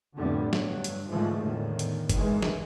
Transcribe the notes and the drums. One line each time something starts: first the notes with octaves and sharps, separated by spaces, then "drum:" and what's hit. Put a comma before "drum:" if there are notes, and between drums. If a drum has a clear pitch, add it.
F2 A2 D3 G3 B3
G2 F#3, drum: snare
drum: hi-hat
G#2 D3 E3 F3 G#3 A3
E2 A2 D3 D#3
drum: hi-hat
D#3 E3 G#3, drum: kick, hi-hat
drum: snare